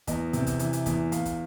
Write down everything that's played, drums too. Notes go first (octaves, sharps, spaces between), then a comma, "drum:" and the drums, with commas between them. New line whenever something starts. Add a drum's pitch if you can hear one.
E2 D#5, drum: kick, hi-hat
C3, drum: hi-hat
drum: kick, hi-hat
E3, drum: hi-hat
drum: hi-hat
E2, drum: kick, hi-hat
E2 F5, drum: hi-hat
drum: kick, hi-hat